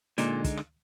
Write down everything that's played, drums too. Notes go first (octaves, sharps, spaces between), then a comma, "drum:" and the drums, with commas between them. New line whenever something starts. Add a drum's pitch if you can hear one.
A#2 D3 G#3 D#4, drum: hi-hat
drum: kick, hi-hat
drum: rim click